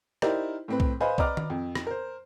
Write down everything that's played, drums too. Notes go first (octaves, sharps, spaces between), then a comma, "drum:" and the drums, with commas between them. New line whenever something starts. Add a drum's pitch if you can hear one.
D#4 E4 G4 A#4 C5 D5, drum: rim click
A2 C4 B4
drum: kick B1
B4 C5 D#5 F5 G#5 B5
B4 D5 D#5 A#5 D6 F6, drum: kick B1
drum: tom D#3
F2
drum: rim click
A#4 C5